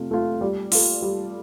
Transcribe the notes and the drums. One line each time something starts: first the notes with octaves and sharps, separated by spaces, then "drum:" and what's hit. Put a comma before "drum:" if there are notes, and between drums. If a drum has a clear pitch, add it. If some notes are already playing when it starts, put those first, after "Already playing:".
Already playing: C3 A3 F4
A3 F4
G3
F4 A4, drum: open hi-hat
G3